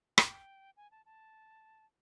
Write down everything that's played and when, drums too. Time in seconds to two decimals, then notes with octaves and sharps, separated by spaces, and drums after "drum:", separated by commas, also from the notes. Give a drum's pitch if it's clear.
0.18 G5, drum: rim click
0.77 G#5
0.91 A5
1.06 A5